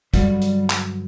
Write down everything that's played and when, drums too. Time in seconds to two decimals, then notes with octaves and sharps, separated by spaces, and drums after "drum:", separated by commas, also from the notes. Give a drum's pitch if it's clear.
0.14 G2 D3 F#3 G3, drum: kick, hi-hat
0.42 drum: hi-hat
0.70 drum: clap